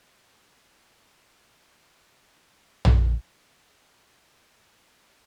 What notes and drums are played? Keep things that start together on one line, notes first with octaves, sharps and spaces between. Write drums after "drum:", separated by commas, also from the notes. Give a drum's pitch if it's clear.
F6 C7 C#7
D3 D#4
drum: tom A#1
B1 C3
F#2
B1